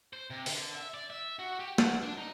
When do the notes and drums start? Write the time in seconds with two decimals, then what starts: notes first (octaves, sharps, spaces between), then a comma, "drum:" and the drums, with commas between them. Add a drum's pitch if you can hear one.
0.13 C5
0.30 C3
0.46 D3, drum: open hi-hat
0.74 E5
0.94 D5
1.10 E5
1.39 F#4
1.59 G4
1.78 F#5, drum: snare
2.02 D4
2.17 D#4